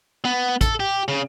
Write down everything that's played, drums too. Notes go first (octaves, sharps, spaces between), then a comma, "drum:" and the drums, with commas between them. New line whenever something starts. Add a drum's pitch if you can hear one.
B3
A4, drum: kick, hi-hat
G4
C#3